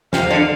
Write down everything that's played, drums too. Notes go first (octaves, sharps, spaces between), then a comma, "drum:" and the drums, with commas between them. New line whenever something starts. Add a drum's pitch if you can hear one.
C3 F5, drum: snare
D3